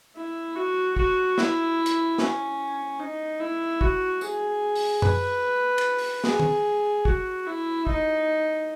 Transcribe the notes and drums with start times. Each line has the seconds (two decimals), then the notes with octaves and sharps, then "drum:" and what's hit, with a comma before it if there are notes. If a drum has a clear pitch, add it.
0.15 E4
0.56 F#4
0.96 F#4, drum: kick
1.38 E4, drum: snare
1.86 drum: hi-hat
2.18 C#4, drum: snare
3.00 D#4
3.40 E4
3.81 F#4, drum: kick
4.21 G#4, drum: tambourine
4.75 drum: open hi-hat
5.02 B4, drum: tom F#2
5.78 drum: cymbal
5.99 drum: open hi-hat
6.24 G#4, drum: snare
6.40 drum: tom D#3
7.05 F#4, drum: kick
7.47 E4
7.87 D#4, drum: kick